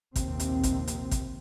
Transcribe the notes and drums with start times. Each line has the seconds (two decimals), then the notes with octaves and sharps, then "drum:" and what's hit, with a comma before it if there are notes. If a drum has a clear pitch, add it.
0.16 A#1 D#2 C3 C4, drum: kick, hi-hat
0.40 drum: hi-hat
0.63 drum: kick, hi-hat
0.87 drum: hi-hat
1.11 drum: kick, hi-hat